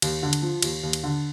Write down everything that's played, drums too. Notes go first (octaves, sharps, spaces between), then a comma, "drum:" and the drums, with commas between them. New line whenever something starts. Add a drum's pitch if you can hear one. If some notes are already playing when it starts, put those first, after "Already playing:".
D#2, drum: cymbal
D3
drum: cymbal
F3
D#2, drum: cymbal
D#2
drum: cymbal
D3